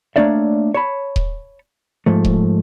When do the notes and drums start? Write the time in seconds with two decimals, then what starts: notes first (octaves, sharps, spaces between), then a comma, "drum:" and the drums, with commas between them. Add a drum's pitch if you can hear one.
0.16 A3 A#3 D4 C#5 D5 E5
0.74 C#5 A5 B5
1.16 drum: kick D#1
2.06 G#2 F3 A3
2.25 drum: kick D#1